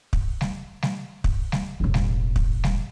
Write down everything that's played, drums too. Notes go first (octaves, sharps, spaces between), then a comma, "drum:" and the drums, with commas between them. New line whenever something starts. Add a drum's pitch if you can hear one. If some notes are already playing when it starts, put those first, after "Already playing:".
drum: kick
drum: snare G3
drum: snare G3
drum: kick
drum: snare G3
E1 A1
drum: snare G3
drum: kick
drum: snare G3